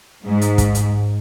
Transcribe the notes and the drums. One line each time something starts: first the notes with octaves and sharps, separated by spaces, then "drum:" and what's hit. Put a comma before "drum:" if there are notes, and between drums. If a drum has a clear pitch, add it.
G#2
drum: hi-hat
drum: kick, hi-hat
drum: hi-hat